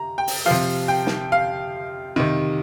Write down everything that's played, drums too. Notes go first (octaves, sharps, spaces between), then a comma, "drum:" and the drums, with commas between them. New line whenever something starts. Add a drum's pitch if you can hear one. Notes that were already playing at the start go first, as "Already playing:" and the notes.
Already playing: C3 A#5
G5
drum: open hi-hat
C3 F3 F5
G5
drum: snare
F5
C3 D#3